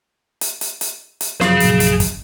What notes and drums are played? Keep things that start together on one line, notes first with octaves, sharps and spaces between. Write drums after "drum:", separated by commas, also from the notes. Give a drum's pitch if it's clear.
drum: hi-hat
drum: hi-hat
drum: hi-hat
drum: hi-hat
F#2 F3 G#4 F5, drum: snare
A#1 F#2, drum: hi-hat
drum: hi-hat
drum: kick, hi-hat